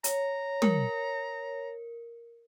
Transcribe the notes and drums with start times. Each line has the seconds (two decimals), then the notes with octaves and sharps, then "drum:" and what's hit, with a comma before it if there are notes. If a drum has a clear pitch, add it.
0.04 C#5 A#5, drum: hi-hat
0.62 A#4, drum: tom